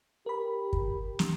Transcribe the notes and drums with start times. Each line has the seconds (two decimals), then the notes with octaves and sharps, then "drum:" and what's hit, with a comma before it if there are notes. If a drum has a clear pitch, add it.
0.26 G4 A#4 B5
0.73 drum: kick
1.19 drum: snare